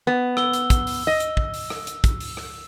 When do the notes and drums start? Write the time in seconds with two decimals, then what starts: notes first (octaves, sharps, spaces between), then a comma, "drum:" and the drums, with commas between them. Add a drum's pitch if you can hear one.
0.07 B3
0.37 E6 G7, drum: rim click
0.54 drum: hi-hat
0.70 drum: kick, hi-hat
0.87 drum: open hi-hat
1.07 D#5
1.20 drum: hi-hat
1.37 drum: kick
1.54 drum: open hi-hat
1.70 drum: rim click
1.87 drum: hi-hat
2.04 drum: kick, hi-hat
2.20 drum: open hi-hat
2.37 drum: rim click